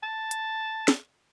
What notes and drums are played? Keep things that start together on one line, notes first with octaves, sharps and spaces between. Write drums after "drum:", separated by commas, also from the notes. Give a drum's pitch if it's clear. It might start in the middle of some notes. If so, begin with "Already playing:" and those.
A5
drum: hi-hat
drum: snare